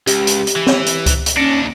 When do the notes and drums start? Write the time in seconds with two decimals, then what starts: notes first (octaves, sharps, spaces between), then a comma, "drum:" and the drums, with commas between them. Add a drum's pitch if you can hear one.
0.07 C#2 G4, drum: hi-hat
0.27 drum: hi-hat
0.47 drum: hi-hat
0.56 E3
0.67 drum: snare
0.86 drum: hi-hat
1.06 drum: kick C#2, hi-hat
1.26 drum: hi-hat
1.37 D#2 C#4 D4 A#6 C#7